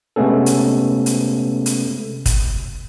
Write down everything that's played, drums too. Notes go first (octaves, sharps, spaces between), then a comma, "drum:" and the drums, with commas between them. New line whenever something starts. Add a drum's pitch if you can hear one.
C3 G#3 A3 B3 C#4 A4
drum: hi-hat
drum: hi-hat
drum: hi-hat
drum: kick, hi-hat